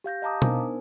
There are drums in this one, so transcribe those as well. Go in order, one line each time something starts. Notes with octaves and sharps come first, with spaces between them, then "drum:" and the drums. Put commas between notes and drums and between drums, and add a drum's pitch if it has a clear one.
G4 F5 G6 A#6
D#5 F5 A5 A#5 D6 D#6
B3 D4 D#4 A#4 C5 G#5, drum: tom B2